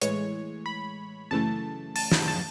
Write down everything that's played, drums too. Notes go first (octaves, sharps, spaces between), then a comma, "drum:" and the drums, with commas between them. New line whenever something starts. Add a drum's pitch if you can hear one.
A2 E3 G#3 C#5, drum: hi-hat
B5
F#2 C#3 E3 A3 A5
A5, drum: open hi-hat
A5, drum: snare
A5